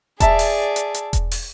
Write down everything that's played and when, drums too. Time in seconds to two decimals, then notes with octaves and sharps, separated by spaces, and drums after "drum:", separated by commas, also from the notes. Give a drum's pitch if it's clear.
0.20 G#4 D5 E5 A5, drum: kick E1, hi-hat
0.39 drum: open hi-hat
0.76 drum: hi-hat
0.94 drum: hi-hat
1.13 drum: kick E1, hi-hat
1.31 drum: open hi-hat